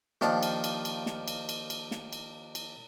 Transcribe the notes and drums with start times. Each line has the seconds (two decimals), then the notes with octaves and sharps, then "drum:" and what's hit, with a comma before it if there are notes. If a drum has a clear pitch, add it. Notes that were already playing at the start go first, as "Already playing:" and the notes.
0.21 D#2 D#3 F3 D4, drum: snare
0.43 drum: cymbal
0.64 drum: cymbal
0.85 drum: cymbal
1.06 drum: snare
1.28 drum: cymbal
1.49 drum: cymbal
1.70 drum: cymbal
1.91 drum: snare
2.13 drum: cymbal
2.55 drum: cymbal